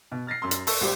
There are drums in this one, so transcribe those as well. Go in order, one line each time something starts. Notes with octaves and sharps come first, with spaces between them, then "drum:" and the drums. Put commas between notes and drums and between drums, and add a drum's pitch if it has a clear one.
B2
F6 A6 A#6 C7
F#2 C6
drum: hi-hat
A4 A5 C#6 E6, drum: open hi-hat
A#1 G3 G4 C5